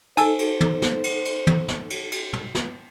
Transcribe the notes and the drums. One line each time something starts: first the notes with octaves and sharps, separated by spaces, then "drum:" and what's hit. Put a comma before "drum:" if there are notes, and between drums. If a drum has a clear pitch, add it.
D#4 A4 C5 G#5 A5 E6, drum: cymbal
drum: cymbal
drum: tom
drum: snare
drum: cymbal
drum: cymbal
drum: tom
drum: snare
drum: cymbal
drum: cymbal
drum: tom
drum: snare